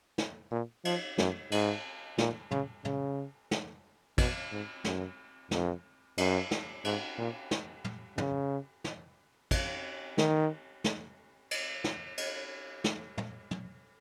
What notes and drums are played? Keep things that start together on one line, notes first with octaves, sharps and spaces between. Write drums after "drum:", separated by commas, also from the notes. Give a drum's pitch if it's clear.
drum: snare
A#2
F3, drum: cymbal
F#2, drum: snare
G#2, drum: cymbal
A#2, drum: snare
C#3, drum: tom
C#3, drum: tom
drum: snare
B2, drum: kick, cymbal
G#2
F#2, drum: snare
F2, drum: snare
F#2, drum: cymbal
drum: snare
G#2, drum: cymbal
A#2
drum: snare
drum: tom
C#3, drum: tom
drum: snare
drum: kick, cymbal
D#3, drum: snare
drum: snare
drum: cymbal
drum: snare
drum: cymbal
drum: snare
drum: tom
drum: tom